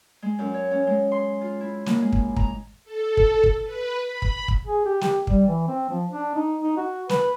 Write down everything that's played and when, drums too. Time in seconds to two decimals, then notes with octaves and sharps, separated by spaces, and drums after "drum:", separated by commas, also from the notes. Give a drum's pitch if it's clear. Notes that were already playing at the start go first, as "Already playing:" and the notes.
0.22 G#3
0.39 F#2
0.54 C#5
0.71 C#4
0.87 G#3
1.12 C6
1.41 F4
1.61 E4
1.86 A#3, drum: snare
2.01 G#3
2.13 drum: kick
2.36 A#5, drum: kick
2.84 A4
3.17 drum: kick
3.44 drum: kick
3.64 B4
4.01 B5
4.22 drum: kick
4.48 drum: kick
4.67 G#4
4.85 G4
5.01 G4, drum: snare
5.27 G3, drum: kick
5.47 E3
5.68 C4
5.90 F3
6.10 D4
6.35 D#4
6.61 D#4
6.77 F#4
7.09 B4, drum: snare